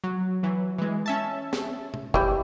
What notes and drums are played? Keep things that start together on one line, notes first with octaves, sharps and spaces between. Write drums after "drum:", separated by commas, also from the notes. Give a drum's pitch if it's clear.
F#3
E3 F#3
E3 G#3
C#4 E5 A5
drum: snare
drum: tom
E3 G3, drum: kick